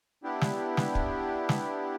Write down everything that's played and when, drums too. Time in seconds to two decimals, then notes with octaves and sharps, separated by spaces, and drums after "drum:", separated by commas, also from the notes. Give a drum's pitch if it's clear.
0.24 B3 D4 E4 G4
0.41 drum: snare
0.77 drum: snare
0.95 drum: kick
1.49 drum: snare